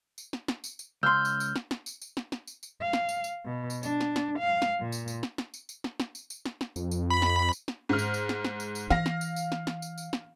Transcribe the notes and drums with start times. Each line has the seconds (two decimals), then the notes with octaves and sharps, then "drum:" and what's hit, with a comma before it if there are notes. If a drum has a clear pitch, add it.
0.18 drum: tambourine
0.33 drum: snare
0.48 drum: snare
0.64 drum: tambourine
0.79 drum: tambourine
1.03 C#2 C6 E6 F6 G6
1.25 drum: tambourine
1.40 drum: tambourine
1.56 drum: snare
1.71 drum: snare
1.86 drum: tambourine
2.02 drum: tambourine
2.17 drum: snare
2.32 drum: snare
2.47 drum: tambourine
2.63 drum: tambourine
2.82 F5
2.93 drum: snare
3.09 drum: tambourine
3.24 drum: tambourine
3.46 B2
3.70 drum: tambourine
3.83 D4, drum: tambourine
4.01 drum: snare
4.16 drum: snare
4.39 F5
4.62 drum: snare
4.80 A#2
4.92 drum: tambourine
5.08 drum: tambourine
5.23 drum: snare
5.38 drum: snare
5.54 drum: tambourine
5.69 drum: tambourine
5.84 drum: snare
6.00 drum: snare
6.15 drum: tambourine
6.30 drum: tambourine
6.46 drum: snare
6.61 drum: snare
6.76 F2, drum: tambourine
6.91 drum: tambourine
7.10 B5
7.22 drum: snare
7.53 drum: tambourine
7.68 drum: snare
7.89 G#2 F6
7.99 drum: tambourine
8.14 drum: tambourine
8.29 drum: snare
8.45 drum: snare
8.60 drum: tambourine
8.75 drum: tambourine
8.90 E3 F5 A#6, drum: snare
9.06 drum: snare
9.21 drum: tambourine
9.36 drum: tambourine
9.52 drum: snare
9.67 drum: snare
9.82 drum: tambourine
9.98 drum: tambourine
10.13 drum: snare